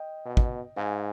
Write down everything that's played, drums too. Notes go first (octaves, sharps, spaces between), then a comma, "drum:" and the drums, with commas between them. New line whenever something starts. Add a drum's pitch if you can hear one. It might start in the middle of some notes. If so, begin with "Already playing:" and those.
Already playing: D#5 G5
B2
drum: kick
G#2 F5 G#5